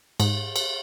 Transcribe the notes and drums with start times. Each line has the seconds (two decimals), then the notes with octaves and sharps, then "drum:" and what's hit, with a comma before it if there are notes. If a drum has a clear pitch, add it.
0.20 G#2, drum: cymbal
0.56 drum: cymbal